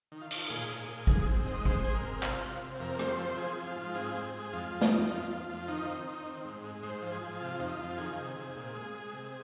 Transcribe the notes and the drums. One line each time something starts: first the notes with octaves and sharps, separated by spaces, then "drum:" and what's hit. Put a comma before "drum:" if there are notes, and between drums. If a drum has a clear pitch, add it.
D#3
F4
D#3, drum: cymbal
A#2 G#4
A#2
A#2
G#2 G#4, drum: kick G#1
C4
G#2 D#5
G#3 C5, drum: kick G#1
G#3 G#4
A#4
C4
C3 F4, drum: clap
C3
C3
F2 A#4
C4 C5, drum: rim click
F3 C5
F3 G#4
F3
F4
G#2
C4 G#4
C4
G#4
G#3
F2 F4
F2
D#4, drum: snare
F2
F2 F4
F2
F2
D#3 D#4
C4
D#3
C4
G#2
G#3
G#2 C5
F3
G#4
F3
C3 F4
F2 D#4
F2 F4
D#3 G#4
C3
C3
A#2
G#3
G#3
C3